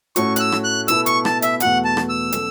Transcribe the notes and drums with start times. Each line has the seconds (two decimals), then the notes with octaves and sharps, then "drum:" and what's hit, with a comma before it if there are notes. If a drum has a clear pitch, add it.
0.16 A2 A3 C#4 F#4 C#6, drum: hi-hat
0.36 F#6, drum: hi-hat
0.40 E6
0.52 drum: rim click
0.64 F#6
0.88 B2 B3 E4 A4 E6, drum: hi-hat
1.06 C#6, drum: hi-hat
1.25 A5, drum: rim click
1.42 E5, drum: hi-hat
1.60 E2 B2 A3 F#4 B4 F#5, drum: hi-hat
1.85 A5
1.97 drum: rim click
2.09 E6
2.32 B2 F#3 C#4 A4, drum: hi-hat